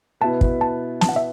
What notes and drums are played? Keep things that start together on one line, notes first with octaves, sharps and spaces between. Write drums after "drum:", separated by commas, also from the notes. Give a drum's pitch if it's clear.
B2 B3 E4 B4 A5
drum: kick
A5
A5, drum: snare
F#5
E5